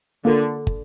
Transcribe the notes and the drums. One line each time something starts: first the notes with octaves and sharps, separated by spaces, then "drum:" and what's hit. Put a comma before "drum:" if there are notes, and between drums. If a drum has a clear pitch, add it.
D3 A#3 F4 A#4
drum: kick